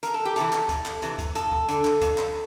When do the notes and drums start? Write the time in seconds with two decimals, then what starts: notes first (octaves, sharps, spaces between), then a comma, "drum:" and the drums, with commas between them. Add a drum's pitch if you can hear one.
0.03 F2 A#4, drum: hi-hat
0.14 A4
0.25 G4
0.36 C3 E3 A4, drum: hi-hat
0.52 drum: clap
0.69 F2, drum: kick C#2, hi-hat
0.85 drum: clap
1.02 C3 E3, drum: hi-hat
1.19 drum: kick C#2, hi-hat
1.35 F2 A4, drum: hi-hat
1.52 drum: kick C#2
1.68 D3, drum: hi-hat
1.85 drum: clap
2.01 F2, drum: kick C#2, hi-hat
2.18 drum: clap